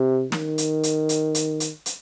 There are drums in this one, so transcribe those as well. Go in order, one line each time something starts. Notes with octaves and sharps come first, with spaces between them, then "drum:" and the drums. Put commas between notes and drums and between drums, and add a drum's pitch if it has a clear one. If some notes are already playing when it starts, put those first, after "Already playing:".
Already playing: C3
D#3, drum: snare
drum: hi-hat
drum: hi-hat
drum: hi-hat
drum: hi-hat
drum: hi-hat
drum: hi-hat